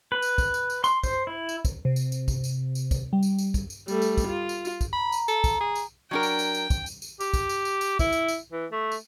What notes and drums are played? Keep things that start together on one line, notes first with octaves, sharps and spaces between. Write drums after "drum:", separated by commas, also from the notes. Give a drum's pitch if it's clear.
B4
drum: tambourine
drum: kick, tambourine
drum: tambourine
drum: tambourine
C6, drum: tambourine
C5, drum: kick, tambourine
E4
drum: tambourine
drum: kick, tambourine
C3
drum: tambourine
drum: tambourine
drum: kick, tambourine
drum: tambourine
drum: tambourine
drum: kick, tambourine
G3
drum: tambourine
drum: tambourine
drum: kick, tambourine
drum: tambourine
G3 A3, drum: tambourine
drum: tambourine
drum: kick, tambourine
F4
drum: tambourine
drum: tambourine
drum: kick, tambourine
A#5 B5
drum: tambourine
A4, drum: tambourine
drum: kick, tambourine
G#4
drum: tambourine
F#3 D4 A#4 G5
drum: tambourine
drum: tambourine
drum: tambourine
drum: kick, tambourine
drum: tambourine
drum: tambourine
G4, drum: tambourine
drum: kick, tambourine
drum: tambourine
drum: tambourine
drum: tambourine
E4, drum: kick, tambourine
drum: tambourine
drum: tambourine
E3
A3
drum: tambourine